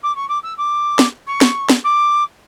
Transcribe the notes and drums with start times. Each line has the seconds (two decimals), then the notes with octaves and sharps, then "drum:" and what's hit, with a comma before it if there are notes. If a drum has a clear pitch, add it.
0.03 D6
0.15 C#6
0.28 D6
0.43 E6
0.57 D6
0.99 drum: snare
1.27 C#6
1.41 drum: snare
1.70 drum: snare
1.84 D6